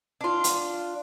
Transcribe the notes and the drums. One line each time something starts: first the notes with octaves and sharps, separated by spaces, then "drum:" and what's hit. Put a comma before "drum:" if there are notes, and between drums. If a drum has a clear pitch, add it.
D4 F4
drum: hi-hat